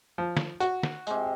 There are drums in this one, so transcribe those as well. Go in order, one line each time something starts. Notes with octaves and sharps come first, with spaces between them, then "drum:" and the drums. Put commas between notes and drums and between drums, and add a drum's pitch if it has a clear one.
F3
drum: snare
F#4, drum: tambourine
drum: snare
C3 G#3, drum: tambourine